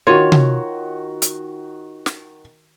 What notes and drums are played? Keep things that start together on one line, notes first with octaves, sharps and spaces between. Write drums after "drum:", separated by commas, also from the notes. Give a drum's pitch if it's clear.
D#3 F4 F#4 C#5
drum: tom C3
drum: hi-hat
drum: snare